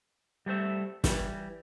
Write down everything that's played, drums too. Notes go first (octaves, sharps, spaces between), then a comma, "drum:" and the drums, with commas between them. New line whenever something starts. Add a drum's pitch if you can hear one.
G3 A3 C5 E5
E3 G3, drum: snare